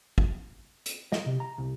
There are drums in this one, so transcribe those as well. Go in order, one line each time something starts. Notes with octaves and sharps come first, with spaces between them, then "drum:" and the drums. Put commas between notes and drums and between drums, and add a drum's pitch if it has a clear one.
drum: kick
drum: hi-hat
D#5, drum: snare
C3
A#5
C2